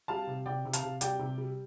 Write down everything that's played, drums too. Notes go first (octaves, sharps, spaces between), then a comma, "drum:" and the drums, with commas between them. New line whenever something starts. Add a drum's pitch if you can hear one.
G3 F5 A5
C3
C3 D5 G5
C3
F5 A5, drum: hi-hat
C3
G3 D5 G5, drum: hi-hat
C3
G3